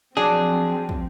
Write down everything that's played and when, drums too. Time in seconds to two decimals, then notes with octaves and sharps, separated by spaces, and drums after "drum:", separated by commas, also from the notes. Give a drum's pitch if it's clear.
0.17 F3 F#3 C4 D4 G#4
0.89 drum: kick